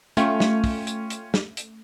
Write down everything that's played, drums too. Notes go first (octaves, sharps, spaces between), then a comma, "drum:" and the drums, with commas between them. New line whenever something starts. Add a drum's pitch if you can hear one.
A3 C#4 F4 G5, drum: hi-hat
drum: snare
drum: kick, open hi-hat
drum: hi-hat
drum: hi-hat
drum: snare
drum: hi-hat